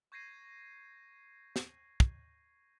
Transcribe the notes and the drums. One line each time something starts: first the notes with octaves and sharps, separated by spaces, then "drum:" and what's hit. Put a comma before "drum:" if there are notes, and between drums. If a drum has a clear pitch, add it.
C#6 G6 G#6 A#6 C7 D#7
drum: snare
drum: kick